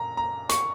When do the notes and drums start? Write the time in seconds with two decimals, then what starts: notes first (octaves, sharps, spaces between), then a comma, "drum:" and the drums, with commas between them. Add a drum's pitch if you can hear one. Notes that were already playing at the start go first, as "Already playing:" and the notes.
Already playing: A#2 A#5
0.17 A#5
0.49 C#6, drum: hi-hat